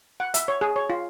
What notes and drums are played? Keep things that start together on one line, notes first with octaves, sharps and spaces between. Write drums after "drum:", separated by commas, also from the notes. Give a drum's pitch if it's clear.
F#5
E5, drum: hi-hat
C#5
G#4
C#5
F4